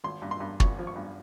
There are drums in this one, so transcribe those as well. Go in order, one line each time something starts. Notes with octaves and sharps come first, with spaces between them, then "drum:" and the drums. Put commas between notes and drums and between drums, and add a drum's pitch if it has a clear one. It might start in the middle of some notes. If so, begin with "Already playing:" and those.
G#1 C6
G2
C6
G2
G#1 C#6, drum: kick
F3
C#6
G2